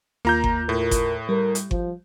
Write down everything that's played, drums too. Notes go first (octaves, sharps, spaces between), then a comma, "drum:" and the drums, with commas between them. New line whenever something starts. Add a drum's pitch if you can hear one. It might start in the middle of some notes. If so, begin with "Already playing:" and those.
D#2 A#3 F4 A#5 G6
drum: kick G1
A2 A#4
drum: kick G1, hi-hat
G3 A#4
drum: hi-hat
F3, drum: kick G1